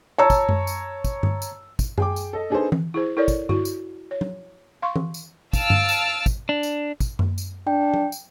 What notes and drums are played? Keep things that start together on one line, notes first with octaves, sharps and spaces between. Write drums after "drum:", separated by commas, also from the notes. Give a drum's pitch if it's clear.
C#5 A5 A#5 E6
drum: kick, tambourine
drum: tom F#2
drum: tambourine
drum: kick, tambourine
drum: tom G2
drum: tambourine
drum: kick, tambourine
G#4 G5 D6, drum: tom F#2
drum: tambourine
A4 D#5
D4 D#4 G#4 A4 B4 C5
drum: tom E3
E4 G#4 C5
E4 A4 A#4 C#5 D5
drum: kick, tambourine
E4 F#4, drum: tom G2
drum: tambourine
C#5
drum: tom
F5 C6 C#6
drum: tom E3
drum: tambourine
F5 A5 E6 F6 D7, drum: kick, tambourine
drum: tom G2
drum: tambourine
drum: kick, tambourine
D4
drum: tambourine
drum: kick, tambourine
drum: tom F#2
drum: tambourine
D4 G5
drum: tom
drum: tambourine